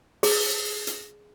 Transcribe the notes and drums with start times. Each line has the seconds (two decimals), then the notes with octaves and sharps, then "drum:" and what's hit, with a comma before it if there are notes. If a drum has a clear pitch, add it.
0.23 G#4, drum: open hi-hat
0.87 drum: hi-hat